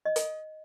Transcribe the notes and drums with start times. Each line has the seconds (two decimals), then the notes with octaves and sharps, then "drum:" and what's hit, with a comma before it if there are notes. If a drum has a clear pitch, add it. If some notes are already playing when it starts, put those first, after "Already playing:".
0.05 D#5
0.16 drum: hi-hat